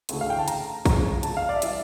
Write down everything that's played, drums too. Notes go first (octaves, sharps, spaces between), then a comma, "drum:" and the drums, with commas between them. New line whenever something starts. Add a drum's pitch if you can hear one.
D2 C#3 E3 A3, drum: hi-hat
F5
G5
A5
A#5, drum: hi-hat
F2 C#3 F3 A#5, drum: kick A#1, open hi-hat
A5, drum: hi-hat
F5
D5
E5
E3 G3 D5, drum: hi-hat